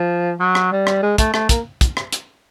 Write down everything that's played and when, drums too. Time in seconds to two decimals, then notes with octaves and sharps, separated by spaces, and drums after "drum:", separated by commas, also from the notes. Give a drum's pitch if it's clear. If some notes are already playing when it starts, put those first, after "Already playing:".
Already playing: F3
0.40 F#3
0.55 drum: rim click
0.72 G3
0.87 drum: rim click
1.02 G#3
1.18 A3, drum: kick, hi-hat
1.34 A3, drum: rim click
1.49 A#3, drum: kick, hi-hat
1.81 drum: kick, hi-hat
1.97 drum: rim click
2.12 drum: hi-hat